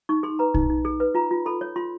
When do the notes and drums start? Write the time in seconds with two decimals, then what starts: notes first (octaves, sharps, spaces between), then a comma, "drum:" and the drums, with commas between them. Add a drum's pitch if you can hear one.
0.09 D#4 C#6
0.23 G#4 C6
0.39 B4 A#5
0.54 D#4, drum: kick
0.70 D#4
0.85 G#4
1.00 B4
1.15 F4 A#5
1.31 F4
1.46 A4 B5
1.61 C#5
1.76 F4 C6